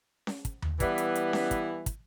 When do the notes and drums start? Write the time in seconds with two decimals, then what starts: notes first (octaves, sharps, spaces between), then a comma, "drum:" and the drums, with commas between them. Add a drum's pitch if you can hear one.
0.27 drum: snare C#4
0.45 drum: kick, hi-hat
0.62 drum: tom D#2
0.80 E3 G3 B3 E4 B4, drum: kick, hi-hat
0.98 drum: hi-hat
1.15 drum: hi-hat
1.33 drum: snare C#4
1.51 drum: kick, hi-hat
1.86 drum: kick, hi-hat